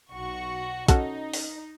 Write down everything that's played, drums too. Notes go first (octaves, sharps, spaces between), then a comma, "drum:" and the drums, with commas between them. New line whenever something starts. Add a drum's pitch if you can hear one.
B1 F#4 C#6
C#4 D#4 F#4 A4, drum: kick, hi-hat
drum: open hi-hat